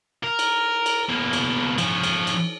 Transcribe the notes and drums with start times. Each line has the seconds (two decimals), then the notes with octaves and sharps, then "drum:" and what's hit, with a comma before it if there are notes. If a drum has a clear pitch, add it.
0.23 A#4
0.39 drum: cymbal
0.86 drum: cymbal
1.09 B2 A#3
1.33 drum: cymbal
1.78 F3 C#4, drum: cymbal
2.03 drum: cymbal
2.27 drum: cymbal